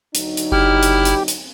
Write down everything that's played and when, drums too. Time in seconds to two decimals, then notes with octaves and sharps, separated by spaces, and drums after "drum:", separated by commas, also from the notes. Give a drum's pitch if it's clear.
0.15 D2 F#3 D#4, drum: hi-hat
0.37 drum: hi-hat
0.52 F#1 E4 G4 F6
0.83 drum: hi-hat
1.05 drum: hi-hat
1.28 drum: hi-hat